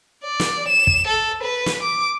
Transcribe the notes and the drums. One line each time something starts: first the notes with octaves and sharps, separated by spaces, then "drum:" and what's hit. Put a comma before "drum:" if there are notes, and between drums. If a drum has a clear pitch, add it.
D5
drum: snare
E7
drum: kick
A4
B4
drum: snare
D6